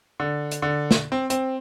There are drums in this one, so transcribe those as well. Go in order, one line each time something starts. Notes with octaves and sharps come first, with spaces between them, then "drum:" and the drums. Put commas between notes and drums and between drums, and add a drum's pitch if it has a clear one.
D3
drum: hi-hat
D3
drum: snare
C4
C4, drum: hi-hat